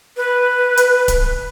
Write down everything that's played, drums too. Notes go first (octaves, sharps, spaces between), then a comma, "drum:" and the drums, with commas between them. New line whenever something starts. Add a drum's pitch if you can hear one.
B4
drum: hi-hat
drum: kick D1, hi-hat